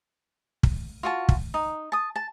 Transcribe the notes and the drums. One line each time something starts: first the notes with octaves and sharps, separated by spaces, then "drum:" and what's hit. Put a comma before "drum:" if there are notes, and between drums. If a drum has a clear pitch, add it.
drum: kick
F4 F#4 A5
drum: kick
D#4
A5 D#6
A5